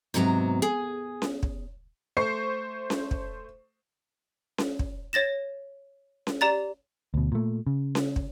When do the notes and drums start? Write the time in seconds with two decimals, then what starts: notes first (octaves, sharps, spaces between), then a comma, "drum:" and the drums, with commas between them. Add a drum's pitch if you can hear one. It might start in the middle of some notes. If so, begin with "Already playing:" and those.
0.14 G#2 C3 F#3 B3 A#5
0.62 G#4
1.22 drum: snare C#4
1.43 drum: kick
2.17 A3 C5 C#6 C7
2.90 drum: snare C#4
3.11 drum: kick
4.58 drum: snare C#4
4.79 drum: kick
5.13 C#5 A6 A#6 E7
6.27 drum: snare C#4
6.41 G4 D5 A#5 A6
7.14 D2 B2
7.32 A#2 A3
7.67 C#3
7.95 drum: snare C#4
8.16 drum: kick